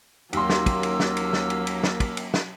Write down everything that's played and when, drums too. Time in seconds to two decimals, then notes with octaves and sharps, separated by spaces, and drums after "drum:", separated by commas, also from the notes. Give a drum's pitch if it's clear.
0.33 D#2 F#3 A#3 C#4 C6 E6, drum: cymbal
0.50 drum: snare
0.66 drum: kick, cymbal
0.83 drum: cymbal
1.00 drum: snare
1.17 drum: cymbal
1.33 drum: snare
1.50 drum: cymbal
1.67 drum: cymbal
1.84 drum: snare
2.00 drum: kick, cymbal
2.17 drum: cymbal
2.34 drum: snare